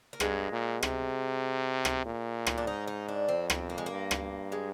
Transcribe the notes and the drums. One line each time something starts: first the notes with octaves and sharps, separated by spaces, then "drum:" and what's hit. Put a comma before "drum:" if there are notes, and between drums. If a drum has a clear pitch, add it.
A#3
G2 G#3, drum: rim click
A#2
C3, drum: rim click
drum: rim click
A#2
drum: rim click
D4
G#2 D#4
D#4
D4
F2 C4
C4, drum: rim click
A#3
G#3
G2 A#3
drum: rim click
G#3